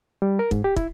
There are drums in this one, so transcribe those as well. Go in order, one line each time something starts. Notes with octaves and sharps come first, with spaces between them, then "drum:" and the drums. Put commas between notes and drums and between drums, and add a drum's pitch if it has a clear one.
G3
A#4
G#2, drum: kick
G4
E4, drum: kick